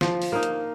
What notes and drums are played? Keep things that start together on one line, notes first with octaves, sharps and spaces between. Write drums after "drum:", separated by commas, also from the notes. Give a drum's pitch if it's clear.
F3, drum: snare
drum: open hi-hat
A#3 D#4
drum: hi-hat